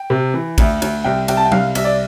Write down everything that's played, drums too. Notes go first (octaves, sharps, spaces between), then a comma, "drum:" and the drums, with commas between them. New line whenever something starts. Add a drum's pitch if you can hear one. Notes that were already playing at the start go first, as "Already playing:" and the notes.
Already playing: G5
C3
E3
D2, drum: kick A1, cymbal
D2, drum: cymbal
C2 G5
C2 G5, drum: cymbal
A5
G5
C2 F5, drum: tom F#3
C2 E5, drum: cymbal
D5